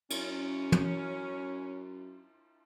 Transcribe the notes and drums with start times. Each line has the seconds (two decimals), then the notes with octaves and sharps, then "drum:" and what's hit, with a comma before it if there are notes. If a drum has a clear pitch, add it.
0.10 F#2 C#4, drum: cymbal
0.72 drum: tom